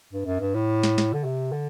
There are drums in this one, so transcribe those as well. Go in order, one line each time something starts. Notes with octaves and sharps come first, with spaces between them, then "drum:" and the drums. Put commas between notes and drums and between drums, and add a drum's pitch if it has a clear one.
G2
F#2
G2
A2
drum: snare
drum: snare
D3
C3
D3